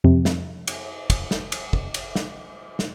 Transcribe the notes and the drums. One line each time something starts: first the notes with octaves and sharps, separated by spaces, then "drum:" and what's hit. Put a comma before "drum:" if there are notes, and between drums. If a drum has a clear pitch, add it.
F2 C3
drum: snare
drum: cymbal
drum: kick, cymbal
drum: snare
drum: cymbal
drum: kick
drum: cymbal
drum: snare
drum: snare